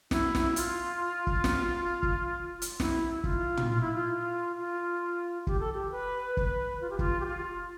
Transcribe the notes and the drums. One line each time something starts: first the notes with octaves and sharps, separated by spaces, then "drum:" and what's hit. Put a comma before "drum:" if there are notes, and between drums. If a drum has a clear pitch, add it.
E4, drum: snare
drum: snare
E4
F4, drum: hi-hat
drum: kick
drum: snare
drum: kick
drum: hi-hat
E4, drum: snare
F4, drum: kick
drum: tom
F4
E4
F4
F4
G4, drum: kick
A4
G4
B4
B4, drum: kick
F4
G4
F4, drum: kick
G4
F4